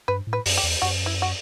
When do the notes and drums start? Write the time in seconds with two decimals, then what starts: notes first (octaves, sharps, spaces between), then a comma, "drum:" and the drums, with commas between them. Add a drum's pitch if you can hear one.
0.08 G2 B4
0.27 A2
0.33 B4
0.46 F#2, drum: open hi-hat
0.57 G4
0.63 E2
0.82 F#2 F#4
1.06 E4
1.22 F#4